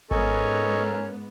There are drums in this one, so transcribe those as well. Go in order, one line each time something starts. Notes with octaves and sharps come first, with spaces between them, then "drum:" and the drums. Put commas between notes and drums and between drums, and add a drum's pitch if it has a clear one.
G#2 B3 C#4 A4 A#4 D#5 G#5 C#6, drum: kick G#1